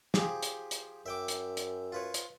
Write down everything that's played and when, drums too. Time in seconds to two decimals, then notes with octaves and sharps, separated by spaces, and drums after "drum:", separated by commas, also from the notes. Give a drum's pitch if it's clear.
0.14 F3 G4 G#4, drum: snare
0.42 drum: hi-hat
0.71 drum: hi-hat
1.06 F#2 E5 G5 D6
1.28 drum: hi-hat
1.57 drum: hi-hat
1.92 F4 B4 C#5
2.14 drum: hi-hat